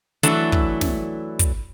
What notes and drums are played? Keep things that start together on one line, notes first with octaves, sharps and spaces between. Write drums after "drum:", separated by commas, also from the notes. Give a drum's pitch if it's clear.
E3 F#3 A3 D4 E4, drum: hi-hat
drum: kick
drum: snare
drum: kick, hi-hat